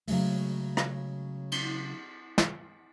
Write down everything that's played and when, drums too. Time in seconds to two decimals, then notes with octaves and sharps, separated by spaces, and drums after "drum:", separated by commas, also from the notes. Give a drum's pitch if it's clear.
0.07 C#3 F#3 G#3 A3, drum: open hi-hat
0.77 drum: rim click
1.52 drum: cymbal
2.38 drum: snare